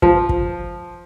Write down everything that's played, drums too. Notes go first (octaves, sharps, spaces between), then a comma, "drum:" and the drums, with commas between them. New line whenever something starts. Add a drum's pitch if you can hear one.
F3, drum: kick
drum: kick